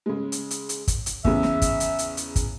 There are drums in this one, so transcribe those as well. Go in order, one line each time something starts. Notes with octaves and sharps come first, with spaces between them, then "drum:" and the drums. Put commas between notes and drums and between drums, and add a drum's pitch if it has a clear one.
C#3 G#3
drum: hi-hat
drum: hi-hat
drum: hi-hat
drum: kick, hi-hat
drum: hi-hat
E2 C#3 E5, drum: kick
drum: snare
drum: kick, hi-hat
drum: hi-hat
drum: hi-hat
drum: hi-hat
drum: kick, hi-hat